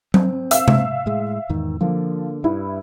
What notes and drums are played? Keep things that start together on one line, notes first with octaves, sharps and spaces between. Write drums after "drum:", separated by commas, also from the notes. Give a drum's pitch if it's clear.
C4, drum: tom F#3
E5 F5 E6, drum: hi-hat
drum: tom C3
A2 G#3
E2 G#2 D#3
D3 F3 A#3
G2 E4